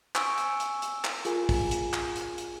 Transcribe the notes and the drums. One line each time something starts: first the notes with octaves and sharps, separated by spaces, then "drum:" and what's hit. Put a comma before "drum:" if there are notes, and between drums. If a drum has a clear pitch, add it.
G#5 C#6 E6 D7, drum: clap
drum: hi-hat
drum: hi-hat
drum: hi-hat
drum: clap
F4 G#4 A#4 G#5, drum: hi-hat
drum: kick, open hi-hat
drum: hi-hat
drum: clap
drum: hi-hat
drum: hi-hat